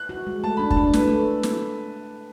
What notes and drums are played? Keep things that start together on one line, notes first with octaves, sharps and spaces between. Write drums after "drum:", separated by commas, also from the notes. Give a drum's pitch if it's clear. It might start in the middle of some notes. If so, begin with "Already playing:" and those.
Already playing: F#6
F#4
G#3
A3 A5
D4 B5
A5, drum: kick
D4
A3 B4, drum: snare
A3
drum: snare